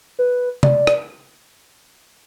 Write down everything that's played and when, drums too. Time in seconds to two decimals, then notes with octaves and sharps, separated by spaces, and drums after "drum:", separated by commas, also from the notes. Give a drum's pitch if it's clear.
0.19 B4
0.63 D5, drum: tom C3
0.87 drum: rim click